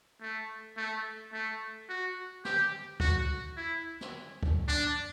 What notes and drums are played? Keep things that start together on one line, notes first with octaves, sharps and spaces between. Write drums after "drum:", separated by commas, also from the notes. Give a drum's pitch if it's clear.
A3
A3
A3
F#4
G4, drum: snare
F#4, drum: kick C#2
E4
drum: snare
drum: kick C#2
D4, drum: tom